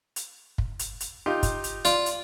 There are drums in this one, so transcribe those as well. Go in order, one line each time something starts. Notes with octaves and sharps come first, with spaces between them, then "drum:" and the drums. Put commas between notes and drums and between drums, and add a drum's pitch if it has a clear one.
drum: hi-hat
drum: kick
drum: hi-hat
drum: hi-hat
D#4 F4 G4
drum: kick, hi-hat
drum: hi-hat
F4 D5, drum: hi-hat
drum: hi-hat